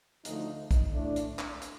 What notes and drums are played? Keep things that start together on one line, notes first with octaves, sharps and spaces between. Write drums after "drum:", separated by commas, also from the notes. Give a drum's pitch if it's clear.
D2 D3 F3 A3 D#4, drum: hi-hat
drum: kick A#1, hi-hat
A2 A3 D4
drum: hi-hat
drum: clap
drum: hi-hat